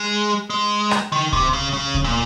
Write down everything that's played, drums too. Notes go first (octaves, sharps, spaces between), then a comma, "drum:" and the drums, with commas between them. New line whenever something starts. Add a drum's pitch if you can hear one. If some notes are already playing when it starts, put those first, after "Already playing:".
Already playing: G#3
G#3
drum: rim click
D#3
C3, drum: kick C#2
C#3
C#3
drum: kick C#2
A#2